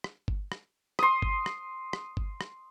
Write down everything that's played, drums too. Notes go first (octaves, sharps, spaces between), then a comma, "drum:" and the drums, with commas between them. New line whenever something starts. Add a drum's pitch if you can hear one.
drum: rim click
drum: kick G1
drum: rim click
C6 D#6, drum: rim click
drum: kick G1
drum: rim click
drum: rim click
drum: kick G1
drum: rim click